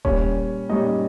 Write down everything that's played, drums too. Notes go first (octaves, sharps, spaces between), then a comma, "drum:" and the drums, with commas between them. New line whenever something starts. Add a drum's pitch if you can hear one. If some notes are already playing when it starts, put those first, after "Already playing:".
A#2 G3 C#4 C#5, drum: kick D#1
A#2 G3 C#4 D#4 D#5